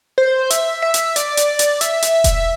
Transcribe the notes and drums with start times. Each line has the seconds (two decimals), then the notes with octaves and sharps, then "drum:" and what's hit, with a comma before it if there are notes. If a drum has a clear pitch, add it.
0.18 C5
0.50 E5, drum: hi-hat
0.82 E5
0.94 drum: hi-hat
1.16 D5, drum: hi-hat
1.37 drum: hi-hat
1.59 drum: hi-hat
1.81 E5, drum: hi-hat
2.02 drum: hi-hat
2.24 drum: kick E1, hi-hat